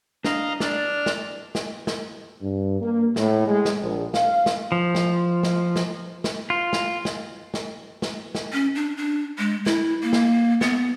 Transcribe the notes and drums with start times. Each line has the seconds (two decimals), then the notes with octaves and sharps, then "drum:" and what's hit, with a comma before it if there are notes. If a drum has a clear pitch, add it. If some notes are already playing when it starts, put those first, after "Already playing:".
0.24 D4 D#5 F5 A#5, drum: snare
0.60 D4 D5 F6, drum: snare
1.06 drum: snare
1.55 drum: snare
1.87 drum: snare
2.41 G2
2.81 A#3
3.16 A2, drum: snare
3.47 G#3
3.65 drum: snare
3.80 A#1
4.14 F5, drum: snare
4.46 drum: snare
4.72 F3
4.95 drum: snare
5.43 drum: snare
5.76 drum: snare
6.24 drum: snare
6.50 F4
6.73 drum: snare
7.05 drum: snare
7.54 drum: snare
8.02 drum: snare
8.35 drum: snare
8.53 C#4
8.75 D4
8.97 D4
9.38 G#3
9.66 E4, drum: snare
10.03 A#3
10.13 drum: snare
10.61 B3, drum: snare